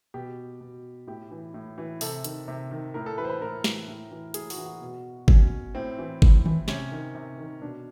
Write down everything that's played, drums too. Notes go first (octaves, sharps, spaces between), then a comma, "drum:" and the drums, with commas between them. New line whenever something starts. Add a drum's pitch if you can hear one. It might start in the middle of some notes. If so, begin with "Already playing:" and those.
B2 G4
B2
A2 G4
E3
A2
E3
C3 A4, drum: open hi-hat
D#3, drum: hi-hat
C3
D#3
A2 A#4
A4
E3 B4
C5
B4
A2 A#4
E3, drum: snare
A2
E3
A2 G#4, drum: hi-hat
F#4, drum: open hi-hat
E3
F#4
B2
B2 C#4, drum: kick G1
A2 C4
E3
A2, drum: kick G1
E3, drum: tom D#3
C3 C#4, drum: snare
D#3
C3
D#3
B2 D4